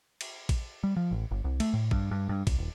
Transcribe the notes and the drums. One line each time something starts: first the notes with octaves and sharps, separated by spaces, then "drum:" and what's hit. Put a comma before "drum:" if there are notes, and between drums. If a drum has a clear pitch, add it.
drum: cymbal
drum: kick A1, cymbal
G3
F3
A1
G1
C2
A3, drum: cymbal
A2
G2, drum: kick A1
G2
G2
C#2, drum: kick A1, cymbal
D#1